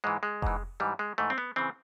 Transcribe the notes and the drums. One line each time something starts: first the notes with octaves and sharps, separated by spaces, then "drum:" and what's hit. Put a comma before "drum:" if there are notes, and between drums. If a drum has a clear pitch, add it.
G#2 E3 G#3
G#3
G#2 E3, drum: kick F1
G#2 E3 G3
G#3
G#2 E3 A3
C4
B3
C#3 E3 C4